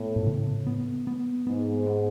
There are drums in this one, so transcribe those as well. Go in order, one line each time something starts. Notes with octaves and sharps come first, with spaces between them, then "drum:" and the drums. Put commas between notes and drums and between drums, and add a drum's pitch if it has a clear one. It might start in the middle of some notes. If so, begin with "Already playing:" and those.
Already playing: A2 B3
drum: tom A2
C#3
B3
B3
G#2 B3
B3